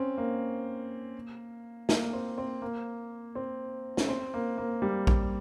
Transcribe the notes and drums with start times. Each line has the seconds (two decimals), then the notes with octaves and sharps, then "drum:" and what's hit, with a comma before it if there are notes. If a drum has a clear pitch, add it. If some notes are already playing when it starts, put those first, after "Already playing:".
Already playing: C4 C#4
0.18 A#3
1.89 A#3, drum: snare
2.13 C4
2.38 C4
2.62 A#3
3.35 C4
3.97 C#4, drum: snare
4.09 C4
4.34 A#3
4.58 A#3
4.82 G3
5.07 drum: kick A#1